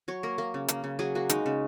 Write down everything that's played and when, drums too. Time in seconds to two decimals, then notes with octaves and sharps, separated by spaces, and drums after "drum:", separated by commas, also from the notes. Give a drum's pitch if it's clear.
0.08 F#3 C#5
0.23 A#3 A#4
0.38 A#3 A#4
0.54 C#3
0.68 A#3, drum: hi-hat
0.84 C#3
0.99 F#3 G#4
1.15 A#3 F#4
1.29 G#3 D#4, drum: hi-hat
1.46 C#3